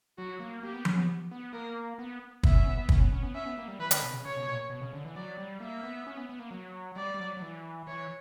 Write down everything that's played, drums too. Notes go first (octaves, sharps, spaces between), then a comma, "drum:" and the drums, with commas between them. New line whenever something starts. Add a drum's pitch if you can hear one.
F#3 F#4
A#3
A#3 G4
B3
C#4, drum: tom F3
B3
B3
A#3 A#4
B3
B3 E5, drum: kick
C#4
B3
B3
C#4, drum: kick
B3
C#4
B3
C#4 E5
B3
A#3
G3
E3 B4
D3, drum: hi-hat
B2
C#3
C#3 C#5
B2
A#2
B2
C#3
D3
E3
F#3 D5
G3
A#3 E5
B3
C#4
B3
B3
A#3
F#3
G3 D5
G3
F#3
F#3
E3
E3 C#5